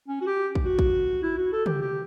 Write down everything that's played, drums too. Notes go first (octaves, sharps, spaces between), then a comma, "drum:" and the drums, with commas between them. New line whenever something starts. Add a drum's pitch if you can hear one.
C#4
F#4
G4
drum: kick
F#4
drum: kick
E4
F#4
A4
G4, drum: tom
G4